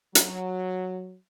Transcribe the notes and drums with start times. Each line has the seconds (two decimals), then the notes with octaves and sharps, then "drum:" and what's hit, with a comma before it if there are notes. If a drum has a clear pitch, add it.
0.15 F#3, drum: hi-hat